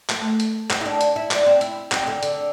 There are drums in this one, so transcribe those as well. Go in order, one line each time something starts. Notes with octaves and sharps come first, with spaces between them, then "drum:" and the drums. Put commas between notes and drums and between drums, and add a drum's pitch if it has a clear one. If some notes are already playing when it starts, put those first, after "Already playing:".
A3, drum: clap
drum: hi-hat
C4, drum: clap
E4
D4
drum: hi-hat
E4
D4, drum: clap
C4
E4, drum: hi-hat
C4, drum: clap
D3
D3, drum: hi-hat